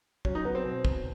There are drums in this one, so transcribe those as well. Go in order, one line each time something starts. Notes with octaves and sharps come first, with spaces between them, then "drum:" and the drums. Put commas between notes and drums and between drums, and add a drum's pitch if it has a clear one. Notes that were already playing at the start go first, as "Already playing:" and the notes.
F#3 C#4, drum: kick
D#4
F#3 B3
C4
B2
B2, drum: kick